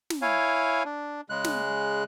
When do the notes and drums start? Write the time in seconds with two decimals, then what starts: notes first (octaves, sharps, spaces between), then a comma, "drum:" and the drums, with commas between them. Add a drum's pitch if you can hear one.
0.10 drum: snare
0.22 E4 C#5 F5 G#5
0.85 D4
1.30 C#3 G#3 F#6
1.44 drum: snare